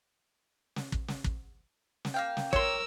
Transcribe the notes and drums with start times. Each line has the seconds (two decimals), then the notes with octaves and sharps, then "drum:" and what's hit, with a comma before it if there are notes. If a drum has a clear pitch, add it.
0.76 drum: snare
0.92 drum: kick
1.08 drum: snare
1.24 drum: kick
2.05 drum: snare
2.14 A#3 F5 G5
2.37 drum: snare
2.53 A#4 C#5 C6 E6, drum: kick